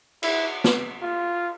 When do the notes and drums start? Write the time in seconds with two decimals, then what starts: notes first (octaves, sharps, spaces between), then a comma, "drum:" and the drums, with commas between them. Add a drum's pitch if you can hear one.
0.23 E4, drum: cymbal
0.64 drum: snare
1.02 F4